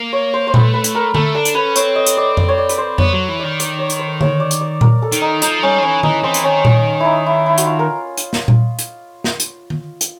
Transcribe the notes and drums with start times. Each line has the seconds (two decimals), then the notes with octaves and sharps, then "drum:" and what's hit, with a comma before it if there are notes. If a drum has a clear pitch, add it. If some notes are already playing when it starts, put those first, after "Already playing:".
Already playing: A#3
0.13 C#5
0.34 C5
0.47 C5
0.54 A3 B4, drum: tom A#2
0.74 B4
0.84 drum: hi-hat
0.95 A#4
1.15 A3 A4, drum: tom D3
1.35 D4 A4
1.45 drum: hi-hat
1.55 C#4 B4
1.76 C4 C#5, drum: hi-hat
1.96 D#5
2.06 drum: hi-hat
2.17 D5
2.37 D5, drum: tom F2
2.49 C#5
2.58 D5
2.69 B4, drum: hi-hat
2.78 C5
2.98 B3 C#5, drum: tom F2
3.13 F#3
3.29 E3
3.39 D#3 D5
3.60 D5, drum: hi-hat
3.79 C#5
3.90 drum: hi-hat
3.99 C5
4.21 C#5, drum: tom D3
4.40 D5
4.51 drum: hi-hat
4.61 D5
4.81 A#4, drum: tom A#2
5.02 A4
5.12 D#3, drum: hi-hat
5.22 D#4
5.42 F3 D#4, drum: hi-hat
5.63 G3 C#4
5.78 F3
5.83 E3 C#4
6.03 E3 D#4, drum: tom D#3
6.23 E3 C4
6.34 drum: hi-hat
6.44 D#3 C#4
6.65 drum: tom A#2
7.00 D#4 E4
7.26 E4
7.46 E4
7.58 F#4, drum: hi-hat
7.66 F4
7.79 A#4
8.17 drum: hi-hat
8.33 drum: snare
8.48 drum: tom A#2
8.79 drum: hi-hat
9.24 drum: snare
9.40 drum: hi-hat
9.70 drum: tom D#3
10.01 drum: hi-hat